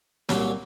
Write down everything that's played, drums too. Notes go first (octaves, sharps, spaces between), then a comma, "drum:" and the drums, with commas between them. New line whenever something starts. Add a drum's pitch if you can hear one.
C2 A#2 F#3 A#3, drum: snare